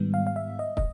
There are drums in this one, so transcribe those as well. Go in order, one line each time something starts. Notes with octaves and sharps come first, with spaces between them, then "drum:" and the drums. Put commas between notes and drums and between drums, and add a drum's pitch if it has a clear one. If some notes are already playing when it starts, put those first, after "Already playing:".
Already playing: G#2 D#3 G3 B3
F5
F5
E5
D#5
D#5, drum: kick